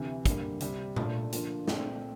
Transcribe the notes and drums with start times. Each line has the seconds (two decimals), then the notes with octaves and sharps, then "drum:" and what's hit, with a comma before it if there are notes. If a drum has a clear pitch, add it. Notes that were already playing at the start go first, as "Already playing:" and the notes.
Already playing: D2 C3 E3
0.26 D3 G3 A#3, drum: kick, hi-hat
0.60 C3 G3 C4 G4, drum: hi-hat
0.96 A#2 A3 D4 F4, drum: tom A#2
1.32 D3 F3 A#3 F4, drum: hi-hat
1.68 A#2 A3 C4, drum: snare